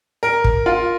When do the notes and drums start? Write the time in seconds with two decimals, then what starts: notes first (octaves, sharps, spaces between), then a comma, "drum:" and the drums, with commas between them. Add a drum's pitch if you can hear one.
0.23 A#4
0.44 drum: kick
0.66 F4